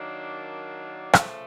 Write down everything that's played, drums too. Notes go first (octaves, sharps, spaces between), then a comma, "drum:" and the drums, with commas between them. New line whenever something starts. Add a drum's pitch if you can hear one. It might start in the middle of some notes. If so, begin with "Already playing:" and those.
Already playing: D#3 F#3 A#3 D4
C#3 F3 A3, drum: rim click